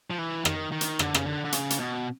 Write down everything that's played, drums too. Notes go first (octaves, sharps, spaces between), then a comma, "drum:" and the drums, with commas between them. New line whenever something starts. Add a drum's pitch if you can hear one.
F3
E3
D#3, drum: rim click
D#3
drum: hi-hat
D3, drum: rim click
C#3, drum: rim click
D3
D3
C#3, drum: hi-hat
drum: hi-hat
B2